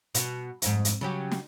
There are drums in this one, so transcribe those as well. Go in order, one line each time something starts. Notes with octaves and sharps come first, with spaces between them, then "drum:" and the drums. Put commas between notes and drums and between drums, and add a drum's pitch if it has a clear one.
B2, drum: hi-hat
F2 G#2, drum: hi-hat
drum: hi-hat
C#3 F#3 G4
drum: snare